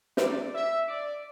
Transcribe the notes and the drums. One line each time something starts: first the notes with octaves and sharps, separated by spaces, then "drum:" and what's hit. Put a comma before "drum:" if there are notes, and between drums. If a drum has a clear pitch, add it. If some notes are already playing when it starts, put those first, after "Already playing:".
D5, drum: snare
E5
D5